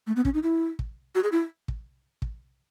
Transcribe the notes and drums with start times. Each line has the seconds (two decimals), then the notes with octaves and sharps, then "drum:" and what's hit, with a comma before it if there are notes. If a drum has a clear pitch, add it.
0.07 A3
0.16 B3
0.25 C#4, drum: kick
0.34 D#4
0.43 E4
0.79 drum: kick
1.15 F#4
1.23 G#4
1.32 E4
1.68 drum: kick
2.22 drum: kick